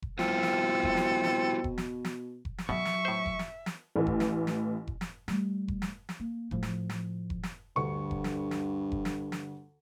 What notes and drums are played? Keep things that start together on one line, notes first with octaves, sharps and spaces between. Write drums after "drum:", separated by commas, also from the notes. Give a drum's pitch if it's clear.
drum: kick F1
B2 G3 C4 E4 F4 A4, drum: snare
drum: snare
drum: kick F1
drum: snare
drum: snare
drum: kick F1
drum: snare
drum: snare
drum: kick F1
drum: snare
B2 F#3 E5 C#6
drum: snare
A2 C5
drum: kick F1
drum: snare
drum: snare
A1 A2 E3
drum: kick F1
drum: snare
drum: snare
drum: kick F1
drum: snare
G3 A3, drum: snare
drum: kick F1
drum: snare
drum: snare
A#3
A2 F3, drum: kick F1
drum: snare
drum: snare
drum: kick F1
drum: snare
D2 G2 C#6
drum: kick F1
drum: snare
drum: snare
drum: kick F1
drum: snare
drum: snare